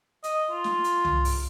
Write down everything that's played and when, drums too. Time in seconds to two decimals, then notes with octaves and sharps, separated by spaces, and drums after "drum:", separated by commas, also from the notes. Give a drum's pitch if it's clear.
0.24 D#5, drum: hi-hat
0.51 F4
0.64 drum: snare
0.84 drum: hi-hat
1.05 drum: tom C2
1.25 drum: open hi-hat